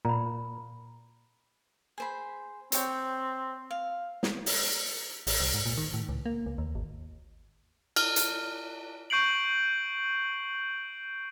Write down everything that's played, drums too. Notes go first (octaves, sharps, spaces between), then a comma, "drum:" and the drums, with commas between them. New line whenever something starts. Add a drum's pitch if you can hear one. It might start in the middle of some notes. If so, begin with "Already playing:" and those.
A#2 A#5 B5
G#4 C5 B5
C4 C#5 G5, drum: hi-hat
F5
drum: snare
drum: open hi-hat
A1, drum: open hi-hat
C2
G#2
A#2
D#3
A2
C#2
A#3
C#2
D#2
G#1
F6, drum: cymbal
drum: hi-hat
C#6 G6 C7 D7 F#7